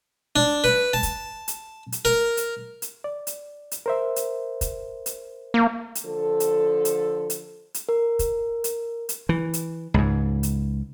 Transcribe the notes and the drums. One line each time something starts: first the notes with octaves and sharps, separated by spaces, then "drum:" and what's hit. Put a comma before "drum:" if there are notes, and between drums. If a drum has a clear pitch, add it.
D4
B4
A5
drum: kick, hi-hat
drum: hi-hat
drum: hi-hat
A#4
drum: hi-hat
drum: hi-hat
D5
drum: hi-hat
drum: hi-hat
A#4 C5 E5
drum: hi-hat
drum: kick, hi-hat
drum: hi-hat
A#3
drum: hi-hat
D3 F3 A4
drum: hi-hat
drum: hi-hat
drum: hi-hat
drum: hi-hat
A#4
drum: kick, hi-hat
drum: hi-hat
drum: hi-hat
E3
drum: hi-hat
C#2 G#2
drum: hi-hat